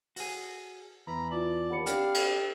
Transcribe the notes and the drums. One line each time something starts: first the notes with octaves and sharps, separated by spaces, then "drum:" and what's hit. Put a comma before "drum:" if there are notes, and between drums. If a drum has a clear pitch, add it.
F#4 G#4, drum: open hi-hat
E2 E3 A#5 B5
E4 F4 D5 A5 F#7
D#2 F#5 B5 C#7
C4 D4 G4 F5, drum: hi-hat
drum: cymbal